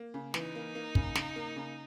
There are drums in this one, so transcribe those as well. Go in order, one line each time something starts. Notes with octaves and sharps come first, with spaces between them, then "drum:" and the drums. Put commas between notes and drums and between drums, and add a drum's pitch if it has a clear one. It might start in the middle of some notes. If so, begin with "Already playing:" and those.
Already playing: A#3
C#3
E3 D#4, drum: snare
A#3
A#3
C#3, drum: kick
C#3, drum: snare
A#3
C#3